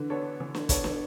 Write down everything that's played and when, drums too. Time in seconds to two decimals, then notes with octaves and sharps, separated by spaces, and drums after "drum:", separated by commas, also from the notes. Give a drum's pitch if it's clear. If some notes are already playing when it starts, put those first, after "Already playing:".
Already playing: D3 E3
0.10 B3 D4 A4 C#5
0.40 E3
0.55 drum: snare
0.69 B3 D4 A4 C#5, drum: kick, hi-hat
0.84 drum: snare